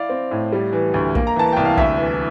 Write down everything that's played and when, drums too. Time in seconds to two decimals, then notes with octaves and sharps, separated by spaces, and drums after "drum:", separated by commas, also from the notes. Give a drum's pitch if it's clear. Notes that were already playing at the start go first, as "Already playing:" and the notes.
Already playing: E4 D5 F5
0.09 C4
0.31 A2
0.52 G3
0.73 E3
0.94 D2
1.15 A#3, drum: kick
1.27 A#5
1.36 E3 A5
1.53 C2 G5
1.65 F5
1.77 D2 E5, drum: kick
1.98 E3